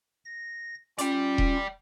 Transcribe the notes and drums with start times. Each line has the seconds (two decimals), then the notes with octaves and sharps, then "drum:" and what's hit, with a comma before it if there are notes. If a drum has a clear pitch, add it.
0.25 A#6
0.98 C#4 F4 D5 G5, drum: hi-hat
1.38 drum: kick D#1